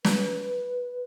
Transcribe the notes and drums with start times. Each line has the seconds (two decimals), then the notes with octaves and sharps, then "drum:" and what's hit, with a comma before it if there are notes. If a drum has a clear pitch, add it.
0.05 B4, drum: snare